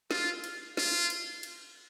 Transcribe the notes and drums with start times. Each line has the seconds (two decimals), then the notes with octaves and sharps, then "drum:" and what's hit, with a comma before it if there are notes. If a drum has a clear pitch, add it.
0.11 F4, drum: snare
0.44 drum: cymbal
0.77 F4, drum: snare
1.10 drum: cymbal
1.43 drum: cymbal